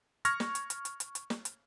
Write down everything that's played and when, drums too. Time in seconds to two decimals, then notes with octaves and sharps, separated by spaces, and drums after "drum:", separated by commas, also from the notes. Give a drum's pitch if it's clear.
0.25 C#6 F6 G#6 A#6, drum: hi-hat
0.40 drum: snare
0.55 drum: hi-hat
0.70 drum: hi-hat
0.85 drum: hi-hat
1.00 drum: hi-hat
1.15 drum: hi-hat
1.30 drum: snare
1.45 drum: hi-hat